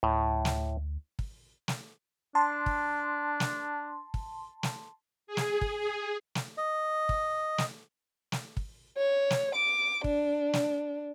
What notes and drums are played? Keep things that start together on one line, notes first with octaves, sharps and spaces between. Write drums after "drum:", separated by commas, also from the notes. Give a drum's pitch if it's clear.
D2 A2
drum: snare
drum: kick
drum: snare
D4 A5 C6
drum: kick
drum: snare
drum: kick
drum: snare
G#4
drum: snare
drum: kick
G#4
drum: snare
D#5
drum: kick
drum: snare
drum: snare
drum: kick
C#5
drum: snare
D6
D4, drum: kick
drum: snare